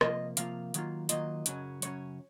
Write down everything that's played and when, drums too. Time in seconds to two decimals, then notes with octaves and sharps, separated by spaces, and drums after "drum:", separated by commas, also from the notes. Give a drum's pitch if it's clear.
0.01 C3 F3 A#3 F4 D#5, drum: rim click
0.37 C3 F3 A#3 F4 F5, drum: hi-hat
0.74 D#3 F#3 A#3 F4, drum: hi-hat
1.09 D#3 F#3 A#3 F4 D#5, drum: hi-hat
1.46 F#2 C#3 F#3 C#4, drum: hi-hat
1.82 F#2 C#3 F#3 C#4 C#5, drum: hi-hat